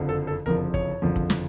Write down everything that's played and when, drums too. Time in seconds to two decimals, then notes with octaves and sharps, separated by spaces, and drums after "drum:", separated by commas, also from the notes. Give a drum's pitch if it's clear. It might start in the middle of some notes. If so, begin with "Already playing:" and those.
Already playing: F#1 F2 D3 F3
0.09 A4
0.27 A4
0.46 F#1 F2 D3 F3 A#4
0.74 C#5, drum: kick
1.02 F#1 F2 D3 F3
1.16 drum: kick
1.30 drum: snare